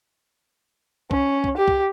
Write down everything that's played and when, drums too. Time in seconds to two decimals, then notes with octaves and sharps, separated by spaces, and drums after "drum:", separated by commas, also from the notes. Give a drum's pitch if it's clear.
1.11 C#4, drum: kick
1.44 drum: kick
1.57 G4
1.68 drum: kick